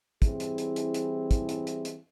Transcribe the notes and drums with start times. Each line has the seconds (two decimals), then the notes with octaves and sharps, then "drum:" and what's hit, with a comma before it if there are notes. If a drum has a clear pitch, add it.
0.22 E3 G3 C4 E4 G#4, drum: kick, hi-hat
0.40 drum: hi-hat
0.58 drum: hi-hat
0.76 drum: hi-hat
0.94 drum: hi-hat
1.31 drum: kick, hi-hat
1.49 drum: hi-hat
1.67 drum: hi-hat
1.85 drum: hi-hat